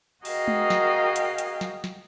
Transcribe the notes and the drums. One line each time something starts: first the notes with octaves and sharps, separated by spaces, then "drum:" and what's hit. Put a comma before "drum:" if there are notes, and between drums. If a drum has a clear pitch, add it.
F#4 G#4 A#4 D#5 F5 G5, drum: open hi-hat
drum: tom G#3
drum: snare
drum: hi-hat
drum: hi-hat
drum: snare
drum: snare